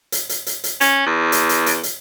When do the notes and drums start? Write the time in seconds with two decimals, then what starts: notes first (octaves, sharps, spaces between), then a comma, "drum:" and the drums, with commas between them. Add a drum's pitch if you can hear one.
0.12 drum: hi-hat
0.29 drum: hi-hat
0.47 drum: hi-hat
0.64 drum: hi-hat
0.81 C#4, drum: hi-hat
1.06 E2
1.32 drum: hi-hat
1.49 drum: hi-hat
1.66 drum: hi-hat
1.83 drum: hi-hat